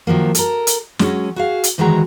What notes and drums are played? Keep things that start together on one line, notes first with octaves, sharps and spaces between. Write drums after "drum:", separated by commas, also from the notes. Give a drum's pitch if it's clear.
D#3 F3 F#3 A#3
A4 A#4, drum: hi-hat
drum: hi-hat
F#3 G#3 C#4, drum: snare
F#4 G#4 F5
drum: hi-hat
D2 D#3 E3 G#3 F#4 A#5